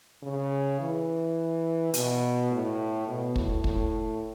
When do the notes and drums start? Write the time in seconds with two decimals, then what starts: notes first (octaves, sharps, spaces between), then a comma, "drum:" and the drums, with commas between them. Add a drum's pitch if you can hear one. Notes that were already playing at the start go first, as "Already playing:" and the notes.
0.23 C#3
0.80 E3
1.94 B2, drum: hi-hat
2.51 A2
3.07 B2
3.36 A2, drum: kick
3.64 A2, drum: kick